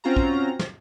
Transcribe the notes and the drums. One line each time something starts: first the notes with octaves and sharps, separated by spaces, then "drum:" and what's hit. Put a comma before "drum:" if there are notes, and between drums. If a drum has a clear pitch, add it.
C4 C#4 F4 F#4 A#5
drum: kick
drum: snare